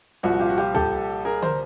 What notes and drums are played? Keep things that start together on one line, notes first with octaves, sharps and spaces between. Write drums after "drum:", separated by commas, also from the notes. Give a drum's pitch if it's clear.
C2 A#2 F3 F#4
F4 G4
F#4
F4 G4
G4 A4, drum: tom
G#4 A#4
A#4 C5, drum: tom D3